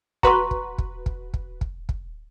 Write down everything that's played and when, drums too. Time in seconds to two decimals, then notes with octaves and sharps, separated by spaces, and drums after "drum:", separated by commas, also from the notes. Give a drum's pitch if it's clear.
0.23 F#4 B4 A#5 C6 C#6, drum: kick
0.51 drum: kick
0.78 drum: kick
1.06 drum: kick
1.34 drum: kick
1.61 drum: kick
1.89 drum: kick